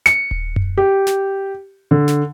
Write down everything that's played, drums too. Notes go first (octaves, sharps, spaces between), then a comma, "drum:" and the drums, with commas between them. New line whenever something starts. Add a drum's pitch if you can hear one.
C#7, drum: snare
drum: kick D#1
drum: tom F#2
G4
drum: snare
D3
drum: snare